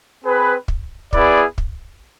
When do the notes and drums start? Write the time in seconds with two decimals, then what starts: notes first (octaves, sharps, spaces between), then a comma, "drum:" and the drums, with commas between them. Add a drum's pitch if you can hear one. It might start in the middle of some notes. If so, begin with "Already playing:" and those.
0.23 C4 G#4 B4
0.68 drum: kick
1.13 B3 E4 G#4 B4 D5, drum: kick
1.58 drum: kick